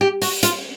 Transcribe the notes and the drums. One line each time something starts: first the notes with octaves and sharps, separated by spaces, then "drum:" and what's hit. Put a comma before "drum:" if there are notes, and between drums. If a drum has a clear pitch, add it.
G4
F#4, drum: open hi-hat
F4, drum: hi-hat